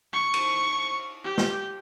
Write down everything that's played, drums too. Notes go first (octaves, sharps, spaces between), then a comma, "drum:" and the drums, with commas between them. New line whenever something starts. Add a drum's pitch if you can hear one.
C#6
drum: cymbal
G4
drum: snare